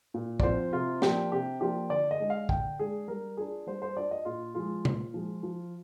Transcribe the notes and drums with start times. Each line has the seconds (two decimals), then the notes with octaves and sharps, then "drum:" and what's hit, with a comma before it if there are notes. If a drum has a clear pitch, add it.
0.14 A#2
0.40 D5, drum: kick
0.43 F3 C4 F4 C5
0.73 C3 F4
1.02 F3 A#3 D4 F4 G4, drum: snare
1.32 C3 G4
1.61 F3 A#3 D4 F4 G4
1.90 D3 D5
2.11 D#5
2.20 G#3 D4
2.30 F5
2.49 D3 G5, drum: kick
2.79 G#3 D4 G#4
3.08 G3 A#4
3.37 D4 F4 G#4
3.67 G3 C5
3.82 C5
3.96 D4 F4 D5
4.11 D#5
4.25 A#2 F4
4.55 F3 G#3 F4
4.85 A#2, drum: tom
5.14 F3 G#3
5.43 F3